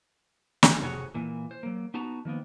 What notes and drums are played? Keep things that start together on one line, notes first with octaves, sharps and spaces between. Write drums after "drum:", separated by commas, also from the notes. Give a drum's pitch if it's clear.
drum: snare
F2 A2 C3 F#4 G#4 C#5
A#2 E3 A#3
C5
F#3 A#3
B3 D#4 F#4 A5 A#5
D#3 F3 A#3 B3